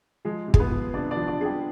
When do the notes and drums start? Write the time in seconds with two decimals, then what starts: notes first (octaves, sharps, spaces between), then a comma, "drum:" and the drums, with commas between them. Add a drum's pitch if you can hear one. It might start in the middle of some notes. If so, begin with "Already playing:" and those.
0.25 F3 G#3 G#4
0.48 C3
0.54 G#4, drum: kick
0.59 B3 B4
0.71 F3
0.94 C3 D4 D5
1.11 D4 D5
1.16 F3
1.28 D4 D5
1.40 C3 G#4
1.45 G3 G4